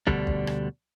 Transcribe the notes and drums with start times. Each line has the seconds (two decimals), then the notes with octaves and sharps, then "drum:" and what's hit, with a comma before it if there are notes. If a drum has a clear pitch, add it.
0.07 D2 B2 D3 G3 D4, drum: kick
0.27 drum: kick
0.47 drum: rim click